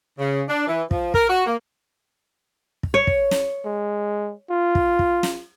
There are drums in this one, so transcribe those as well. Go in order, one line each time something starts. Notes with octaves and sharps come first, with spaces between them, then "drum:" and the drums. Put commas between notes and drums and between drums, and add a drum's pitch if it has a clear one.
C#3
D4
E3
F3, drum: kick
A#4, drum: kick
F#4
A#3
drum: kick
C#5
drum: kick
drum: snare
G#3
F4
drum: kick
drum: kick
drum: snare